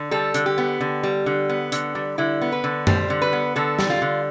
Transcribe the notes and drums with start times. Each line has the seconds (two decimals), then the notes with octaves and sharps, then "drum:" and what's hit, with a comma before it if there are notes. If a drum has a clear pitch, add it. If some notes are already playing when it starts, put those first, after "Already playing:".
Already playing: D3
0.11 G3 A4
0.34 D3, drum: hi-hat
0.46 G4
0.58 B3
0.81 D3
1.03 G3
1.26 D3
1.49 B3
1.72 D3, drum: hi-hat
1.95 G3
2.18 D3 E4
2.41 B3
2.52 B4
2.64 D3
2.87 G3 C5, drum: tom F#2
3.10 D3
3.22 B4
3.33 B3
3.56 D3 A4
3.79 G3, drum: snare
3.90 F4
4.02 D3